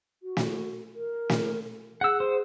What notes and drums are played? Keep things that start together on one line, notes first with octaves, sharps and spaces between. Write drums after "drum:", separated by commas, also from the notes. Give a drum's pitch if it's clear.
F#4
drum: snare
A#4
drum: snare
G#4 F#5 E6
C5